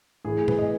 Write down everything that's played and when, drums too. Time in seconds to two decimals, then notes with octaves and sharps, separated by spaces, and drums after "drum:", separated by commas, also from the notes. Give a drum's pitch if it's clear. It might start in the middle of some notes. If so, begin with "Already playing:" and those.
0.25 A2 E3 G#4
0.48 B4, drum: tom
0.59 D#5